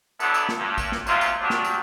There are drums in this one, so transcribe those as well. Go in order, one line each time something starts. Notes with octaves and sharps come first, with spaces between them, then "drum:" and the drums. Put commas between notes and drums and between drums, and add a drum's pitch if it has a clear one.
E2 F#3 B3 D4 E4 A4, drum: tambourine
drum: tambourine
drum: snare
G2
drum: kick A1, tambourine
drum: snare
G#2 C3 F#3 F4, drum: tambourine
drum: tambourine
F#3 G3 D4
drum: snare
drum: tambourine